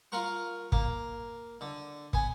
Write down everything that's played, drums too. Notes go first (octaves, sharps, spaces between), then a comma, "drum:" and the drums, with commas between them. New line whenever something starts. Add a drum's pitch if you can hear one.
F4 A#4 F#5 C#6
A#3, drum: kick
D3
B3 G#5, drum: kick